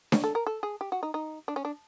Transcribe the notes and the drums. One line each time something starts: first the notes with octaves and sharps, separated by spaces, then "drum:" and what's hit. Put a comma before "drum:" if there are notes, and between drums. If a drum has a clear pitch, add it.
C#5, drum: snare D4
A4
A#4
A4
G#4
G4
F#4
D#4
D#4
D4
C#4
D4